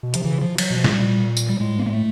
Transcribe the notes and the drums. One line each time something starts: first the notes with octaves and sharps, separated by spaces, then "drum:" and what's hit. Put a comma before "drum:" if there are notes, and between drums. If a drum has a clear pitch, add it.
B2
C3 F3, drum: hi-hat
C#3 E3
F3
F#3, drum: cymbal
B2
F3
A2, drum: snare
A#2 G3
drum: tambourine
G3
A2 G#3
G#2
B3
A2 A#3
A3